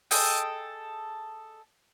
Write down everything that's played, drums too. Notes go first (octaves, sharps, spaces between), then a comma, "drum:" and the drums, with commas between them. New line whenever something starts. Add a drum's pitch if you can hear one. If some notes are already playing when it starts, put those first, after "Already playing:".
G#4 A4 D#5 G5, drum: open hi-hat